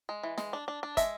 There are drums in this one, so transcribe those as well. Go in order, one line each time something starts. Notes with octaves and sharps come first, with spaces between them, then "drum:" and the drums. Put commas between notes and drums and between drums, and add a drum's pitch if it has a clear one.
G#3
E3
G#3, drum: snare
D4
D4
D4
G#3 E5, drum: kick, hi-hat